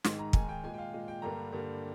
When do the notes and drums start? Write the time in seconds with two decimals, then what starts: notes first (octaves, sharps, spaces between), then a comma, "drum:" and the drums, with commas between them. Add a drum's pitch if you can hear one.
0.04 G#2 D#3 G#3 C6, drum: snare
0.19 A#5
0.33 G#2 D#3 G#3 G#5, drum: kick
0.49 G5
0.63 A#2 G#3 G#5
0.74 G5
0.78 F5
0.93 A#2 G#3
1.08 G5
1.22 G2 D3 G3 A#3 A#5
1.52 G2 D3 G3 A#3